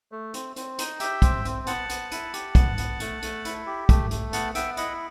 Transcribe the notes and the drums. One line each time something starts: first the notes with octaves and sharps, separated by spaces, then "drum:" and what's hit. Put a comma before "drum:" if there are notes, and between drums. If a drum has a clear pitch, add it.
A3
C4, drum: hi-hat
C4, drum: hi-hat
D#4, drum: hi-hat
G4 E5 G5, drum: hi-hat
C4, drum: kick, hi-hat
C4, drum: hi-hat
B3 F#5 A5, drum: hi-hat
B3, drum: hi-hat
E4, drum: hi-hat
G4, drum: hi-hat
B3, drum: kick, hi-hat
B3, drum: hi-hat
A3, drum: hi-hat
A3, drum: hi-hat
E4, drum: hi-hat
G4
A3, drum: kick, hi-hat
A3, drum: hi-hat
B3 F#5 A5, drum: hi-hat
B3 E5 G5, drum: hi-hat
E4 D#5 F#5, drum: hi-hat